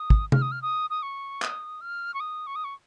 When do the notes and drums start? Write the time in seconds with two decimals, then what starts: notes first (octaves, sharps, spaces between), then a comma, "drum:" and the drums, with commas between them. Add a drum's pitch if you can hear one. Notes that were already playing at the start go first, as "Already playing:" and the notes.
Already playing: D#6
0.10 drum: kick
0.32 F6, drum: tom C3
0.42 D#6
0.52 F6
0.62 D#6
0.90 D#6
1.03 C#6
1.42 D#6, drum: clap
1.81 F6
2.14 C#6
2.20 D#6
2.47 C#6
2.56 D#6
2.64 C#6